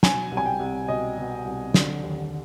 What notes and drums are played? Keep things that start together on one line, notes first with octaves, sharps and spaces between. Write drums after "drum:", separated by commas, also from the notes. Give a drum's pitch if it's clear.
B2 G#5, drum: snare
C2
G#5
G5
C2
B2 D#5
B2
C2
D3, drum: snare
D#2